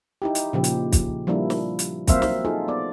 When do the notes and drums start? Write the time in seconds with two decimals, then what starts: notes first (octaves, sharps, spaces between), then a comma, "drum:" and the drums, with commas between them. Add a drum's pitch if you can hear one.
0.22 D#4 E4 G4
0.35 drum: hi-hat
0.53 A#2 C#3 F3 G4
0.64 drum: hi-hat
0.92 drum: kick, hi-hat
1.27 F3 G3 A#3 D4 E4
1.50 drum: snare
1.79 drum: hi-hat
2.07 F#3 A#3 C4 C5 E5 F5, drum: kick, hi-hat
2.22 drum: snare
2.45 D#4 F4 G#4 A4
2.68 B3 D5